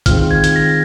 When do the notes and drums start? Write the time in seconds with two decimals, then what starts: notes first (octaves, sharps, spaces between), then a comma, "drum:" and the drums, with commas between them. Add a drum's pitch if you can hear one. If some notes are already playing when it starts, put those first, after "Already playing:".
0.06 D#3 G#3 C4 F4 F6, drum: kick A1, hi-hat
0.31 G#6
0.44 drum: hi-hat
0.56 A#6